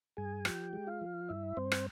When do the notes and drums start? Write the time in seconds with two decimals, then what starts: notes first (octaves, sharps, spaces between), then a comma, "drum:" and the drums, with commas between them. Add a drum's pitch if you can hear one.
0.17 G2 G#4 G#5
0.45 F3 G4 G5, drum: rim click
0.73 G#3
0.87 F4 F5
1.01 F3
1.29 G2 E4 E5
1.57 G2 C4 C5
1.72 drum: rim click